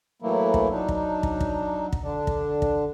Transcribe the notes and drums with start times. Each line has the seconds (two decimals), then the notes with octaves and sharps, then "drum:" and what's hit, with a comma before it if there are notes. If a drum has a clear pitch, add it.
0.22 A2 E3 F#3 A3 A#3 E4
0.54 drum: kick
0.71 F#3 D4 D#4
0.88 drum: kick
1.23 drum: kick
1.41 drum: kick
1.93 drum: kick
2.03 D3 D4
2.27 drum: kick
2.62 drum: kick